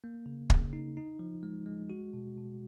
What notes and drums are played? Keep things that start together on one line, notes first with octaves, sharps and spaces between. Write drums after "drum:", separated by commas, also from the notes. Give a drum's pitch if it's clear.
A#3
C#3
C#3, drum: kick
D#4
D#4
F3
G#3
G#3
F#4
B2
B2